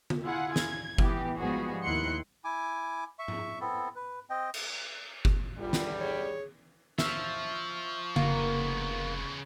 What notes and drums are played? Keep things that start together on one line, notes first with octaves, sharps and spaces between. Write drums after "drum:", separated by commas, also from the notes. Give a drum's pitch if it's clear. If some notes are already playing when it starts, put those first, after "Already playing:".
drum: tom D3
E4 F4 G#4 F#5
G#6, drum: snare
E3 B3 G4, drum: kick F#1
G#2 F3 G3 B3 F#4 G#4
D#2 D#3 E4 C6 F#6 C#7
E4 G#5 D6
E5 C#6
drum: tom G#2
B3 C4 E4 A4
B4
C4 D#5 G5
drum: cymbal
drum: kick F#1
E2 D3 G3 F4
drum: snare
G#4 C#5
F3 E5 C#6 F6, drum: snare
F1 C#3 A#3 B3, drum: tom C#3